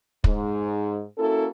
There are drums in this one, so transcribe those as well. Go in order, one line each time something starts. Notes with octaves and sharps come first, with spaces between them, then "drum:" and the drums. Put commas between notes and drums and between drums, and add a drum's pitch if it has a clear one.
G#2, drum: kick
A#3 C#4 E4 F#4 A4